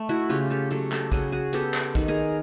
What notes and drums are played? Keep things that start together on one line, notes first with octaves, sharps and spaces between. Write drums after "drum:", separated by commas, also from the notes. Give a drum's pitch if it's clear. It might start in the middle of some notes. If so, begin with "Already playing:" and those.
Already playing: A3
E4 F#4
C#3 F4 G4
G4 A4
F#3 G4 A4, drum: hi-hat
G4 A4, drum: clap
C#3 F#4 G#4, drum: kick, hi-hat
F#4 G#4
B3 G4 A4, drum: hi-hat
drum: clap
D#3, drum: kick, hi-hat
G#4 A#4